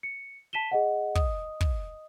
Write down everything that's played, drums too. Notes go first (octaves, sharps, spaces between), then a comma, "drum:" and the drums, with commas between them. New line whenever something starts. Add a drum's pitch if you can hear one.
C#7
A5 B6 D#7 E7 G7
G#4 D#5 F#5
D#5 D#6, drum: kick
drum: kick